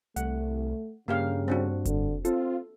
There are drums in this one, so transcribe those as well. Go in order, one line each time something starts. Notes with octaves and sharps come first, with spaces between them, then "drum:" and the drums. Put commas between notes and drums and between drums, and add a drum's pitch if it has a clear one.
C2 A3 F#5, drum: hi-hat
G2 C#3 A#3 G4 F5
C4 D4 F#4
D3, drum: kick F1, hi-hat
C4 F4 A4, drum: hi-hat